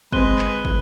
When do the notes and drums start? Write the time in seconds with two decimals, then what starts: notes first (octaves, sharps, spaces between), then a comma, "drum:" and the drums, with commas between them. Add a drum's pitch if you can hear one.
0.12 G#3 C4 B4 F#6 D#7 G7, drum: kick
0.39 drum: clap
0.65 drum: kick